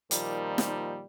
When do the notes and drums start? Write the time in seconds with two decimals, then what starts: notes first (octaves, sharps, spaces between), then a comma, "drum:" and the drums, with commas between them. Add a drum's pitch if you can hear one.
0.11 A#2 D#3 F3 G3 A#3 D#4, drum: hi-hat
0.58 drum: snare